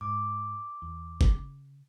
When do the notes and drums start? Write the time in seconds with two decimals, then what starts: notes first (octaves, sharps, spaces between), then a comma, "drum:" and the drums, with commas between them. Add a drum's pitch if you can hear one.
0.01 G#2 D6
0.82 E2
1.21 drum: kick F#1
1.30 C#3